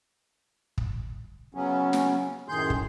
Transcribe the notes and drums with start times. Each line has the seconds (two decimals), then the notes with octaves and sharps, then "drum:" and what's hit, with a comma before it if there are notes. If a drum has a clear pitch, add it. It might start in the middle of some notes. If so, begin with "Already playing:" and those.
0.78 drum: kick
1.55 C#3 F#3 B3 C#4
1.93 drum: snare
2.49 F#2 A2 D#3 G#4 C6 G6
2.70 drum: kick